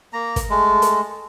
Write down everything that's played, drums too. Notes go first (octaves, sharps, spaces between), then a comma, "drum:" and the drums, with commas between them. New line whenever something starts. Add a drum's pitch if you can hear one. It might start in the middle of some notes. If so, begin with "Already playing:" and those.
A#3 A#5
drum: kick, hi-hat
G#3 A3
drum: hi-hat